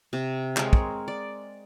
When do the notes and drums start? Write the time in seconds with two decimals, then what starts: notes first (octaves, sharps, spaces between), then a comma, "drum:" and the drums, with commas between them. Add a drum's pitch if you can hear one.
0.13 C3
0.57 G#3 C4 A#4 C#5, drum: clap
0.73 drum: kick
1.08 D5